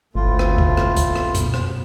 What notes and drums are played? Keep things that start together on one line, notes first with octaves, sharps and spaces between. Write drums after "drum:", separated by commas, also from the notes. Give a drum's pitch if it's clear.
G1 D2 A2 A3 F4
drum: rim click
drum: kick C#2
drum: rim click
drum: kick C#2, hi-hat
drum: rim click
F#2 B2, drum: hi-hat
drum: rim click